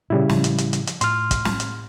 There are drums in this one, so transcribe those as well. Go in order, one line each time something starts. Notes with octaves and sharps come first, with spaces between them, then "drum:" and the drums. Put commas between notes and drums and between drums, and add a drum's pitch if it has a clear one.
A#2 C#3 G3 E4
A2 F3, drum: snare
drum: hi-hat
drum: hi-hat
drum: hi-hat
drum: hi-hat
A2 C6 F6, drum: hi-hat
drum: kick, hi-hat
drum: snare
drum: hi-hat